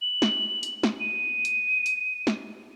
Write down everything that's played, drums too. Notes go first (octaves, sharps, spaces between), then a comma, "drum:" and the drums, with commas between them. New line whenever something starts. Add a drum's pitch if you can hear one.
F#7
drum: snare
drum: hi-hat
drum: snare
D#7
drum: hi-hat
drum: hi-hat
drum: snare